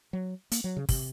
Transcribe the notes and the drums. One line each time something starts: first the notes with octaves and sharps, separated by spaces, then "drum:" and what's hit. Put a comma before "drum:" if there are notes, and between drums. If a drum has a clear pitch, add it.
F#3
A#3, drum: hi-hat
F#3
C#3
C3, drum: kick, open hi-hat